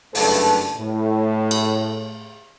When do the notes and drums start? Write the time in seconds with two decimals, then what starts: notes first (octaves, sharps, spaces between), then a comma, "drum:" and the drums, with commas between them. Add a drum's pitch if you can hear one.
0.15 F#1 G2 A3 A4 B4 A5, drum: open hi-hat
0.78 A2
1.51 drum: cymbal